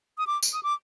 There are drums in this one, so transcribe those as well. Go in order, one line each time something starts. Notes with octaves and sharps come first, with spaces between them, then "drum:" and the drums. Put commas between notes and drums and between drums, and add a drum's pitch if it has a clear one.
D#6
D6
drum: tambourine
D#6
D6